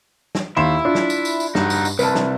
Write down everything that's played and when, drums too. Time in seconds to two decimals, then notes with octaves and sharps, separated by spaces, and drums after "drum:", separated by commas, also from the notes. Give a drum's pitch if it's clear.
0.35 drum: snare
0.57 D#2 E4 C6 E7
0.85 D4 F4
0.95 drum: snare
1.10 drum: tambourine
1.25 drum: tambourine
1.40 drum: tambourine
1.55 G2 D#4 F#4, drum: snare
1.70 drum: tambourine
1.85 drum: tambourine
1.99 C2 B4 A5, drum: tambourine
2.15 drum: snare